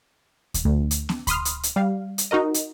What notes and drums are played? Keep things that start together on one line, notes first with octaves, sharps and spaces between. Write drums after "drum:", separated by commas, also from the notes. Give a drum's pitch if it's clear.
drum: kick D2, hi-hat
D2
drum: hi-hat
drum: snare B3
B5 C6 D#6 F6, drum: kick D2, hi-hat
drum: hi-hat
drum: hi-hat
G3 F5
drum: hi-hat
D#4 F#4 A#4 D#5
drum: hi-hat